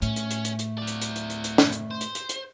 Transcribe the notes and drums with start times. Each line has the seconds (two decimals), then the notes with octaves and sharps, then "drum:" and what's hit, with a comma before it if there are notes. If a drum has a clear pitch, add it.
0.02 A2 A3 C#4, drum: hi-hat
0.16 drum: hi-hat
0.31 drum: hi-hat
0.45 drum: hi-hat
0.59 drum: hi-hat
0.78 E4 D5
0.87 drum: hi-hat
1.02 drum: hi-hat
1.16 drum: hi-hat
1.30 drum: hi-hat
1.44 drum: hi-hat
1.58 drum: snare
1.73 drum: hi-hat
1.91 C5
2.01 drum: hi-hat
2.15 drum: hi-hat
2.29 drum: hi-hat